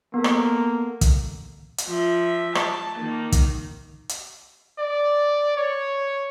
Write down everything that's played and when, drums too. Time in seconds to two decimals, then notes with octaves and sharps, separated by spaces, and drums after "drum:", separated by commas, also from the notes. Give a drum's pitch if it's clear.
0.14 A#3 B3 A4
0.24 drum: rim click
1.01 drum: kick, hi-hat
1.78 drum: hi-hat
1.88 F3 E5
2.55 A5, drum: rim click
2.98 D#3 A#3
3.32 drum: kick, hi-hat
4.09 drum: hi-hat
4.79 D5
5.57 C#5